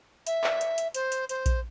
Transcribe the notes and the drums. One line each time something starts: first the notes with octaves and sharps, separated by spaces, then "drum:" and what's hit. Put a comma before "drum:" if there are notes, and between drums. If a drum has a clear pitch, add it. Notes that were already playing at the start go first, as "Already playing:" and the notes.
E5, drum: hi-hat
drum: clap
drum: hi-hat
drum: hi-hat
C5, drum: hi-hat
drum: hi-hat
C5, drum: hi-hat
drum: kick A#1, hi-hat